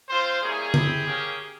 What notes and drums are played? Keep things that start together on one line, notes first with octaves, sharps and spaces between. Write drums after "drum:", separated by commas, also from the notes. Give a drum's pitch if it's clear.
C4 F4 C5
G3 A#3 C#4 E4 G#4
C4 E4 G4, drum: tom D3
A#3 C#4 G4